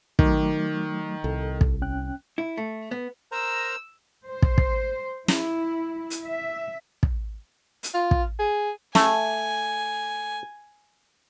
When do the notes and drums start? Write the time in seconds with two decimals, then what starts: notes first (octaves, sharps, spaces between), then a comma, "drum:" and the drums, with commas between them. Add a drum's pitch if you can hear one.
0.19 D#3 F#3 A3 D6, drum: kick
1.24 C2 A4
1.61 drum: kick
1.82 C#4 G5 F#6
2.38 E4
2.57 A3
2.91 B3
3.32 A#4 C5 A#5 E6
4.29 C5
4.42 drum: kick
4.58 drum: kick
5.28 E4, drum: snare
6.10 drum: hi-hat
6.24 E5
7.03 drum: kick
7.83 drum: hi-hat
7.94 F4
8.11 drum: kick
8.39 G#4
8.95 A3 G#5, drum: snare